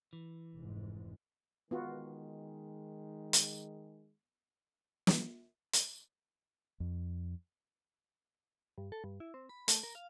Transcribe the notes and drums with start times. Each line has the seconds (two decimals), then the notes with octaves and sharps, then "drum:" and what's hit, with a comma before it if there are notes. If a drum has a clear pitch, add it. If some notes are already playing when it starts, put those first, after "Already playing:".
0.13 E3
0.54 F1 G#2
1.71 D#3 G#3 B3 F4 F#4
3.33 drum: hi-hat
5.07 drum: snare
5.73 drum: hi-hat
6.80 F2
8.78 G2
8.92 A4
9.04 G2
9.20 E4
9.34 C4
9.49 B5
9.68 A3, drum: hi-hat
9.83 A#4
9.95 F5